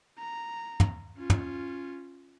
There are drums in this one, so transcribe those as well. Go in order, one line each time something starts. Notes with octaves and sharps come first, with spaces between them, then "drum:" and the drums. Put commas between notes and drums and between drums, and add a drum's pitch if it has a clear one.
A#5
drum: tom
C#4 F4
drum: tom